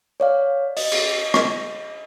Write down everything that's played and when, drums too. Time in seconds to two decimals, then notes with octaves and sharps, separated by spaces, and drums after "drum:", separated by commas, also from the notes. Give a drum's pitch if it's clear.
0.20 C#5 D5 F5
0.77 D#5, drum: open hi-hat
0.92 drum: cymbal
1.34 drum: rim click